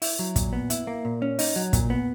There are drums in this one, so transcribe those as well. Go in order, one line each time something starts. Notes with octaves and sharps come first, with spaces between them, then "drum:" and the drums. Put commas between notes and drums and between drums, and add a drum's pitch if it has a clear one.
E4, drum: open hi-hat
F#3
A#2, drum: kick, hi-hat
B3
E4, drum: hi-hat
A#3
A#2
C#4
D#4, drum: open hi-hat
F#3
A#2, drum: kick, hi-hat
B3